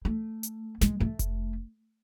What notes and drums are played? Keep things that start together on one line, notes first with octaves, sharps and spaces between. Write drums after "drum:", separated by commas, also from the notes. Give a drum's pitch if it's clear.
A3
drum: hi-hat
G#3, drum: snare
A3
drum: kick F1, hi-hat